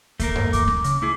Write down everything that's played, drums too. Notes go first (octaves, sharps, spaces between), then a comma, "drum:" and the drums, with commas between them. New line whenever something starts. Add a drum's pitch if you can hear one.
A3 A#3 A#4, drum: kick D2, hi-hat
drum: tom F#2
D6, drum: kick D2, hi-hat
drum: snare
C#3, drum: hi-hat
A3 E4 G#4